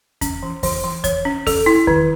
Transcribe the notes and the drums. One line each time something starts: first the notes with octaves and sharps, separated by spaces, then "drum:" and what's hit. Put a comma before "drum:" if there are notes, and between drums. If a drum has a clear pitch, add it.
C#4, drum: kick E2, hi-hat
E3
E3, drum: kick E2, open hi-hat
E3
C#5, drum: kick E2, hi-hat
C#4
A4, drum: kick E2, open hi-hat
E4
D#3, drum: kick E2